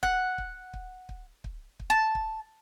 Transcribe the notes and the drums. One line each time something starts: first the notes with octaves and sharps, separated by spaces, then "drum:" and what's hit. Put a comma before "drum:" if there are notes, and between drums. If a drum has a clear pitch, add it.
F#5, drum: kick
drum: kick
drum: kick
drum: kick
drum: kick
drum: kick
A5
drum: kick